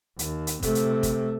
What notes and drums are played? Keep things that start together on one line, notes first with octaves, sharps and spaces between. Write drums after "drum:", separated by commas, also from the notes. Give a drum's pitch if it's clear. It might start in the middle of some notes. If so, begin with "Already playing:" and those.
D#2, drum: hi-hat
drum: hi-hat
C3 A3, drum: kick, hi-hat
drum: hi-hat
drum: kick, hi-hat